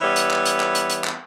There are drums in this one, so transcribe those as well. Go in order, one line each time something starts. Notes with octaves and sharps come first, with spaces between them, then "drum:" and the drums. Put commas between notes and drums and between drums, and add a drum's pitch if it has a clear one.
E3 G3 B3 C#5 E5
drum: hi-hat
drum: clap
drum: hi-hat
drum: clap
drum: hi-hat
drum: hi-hat
drum: clap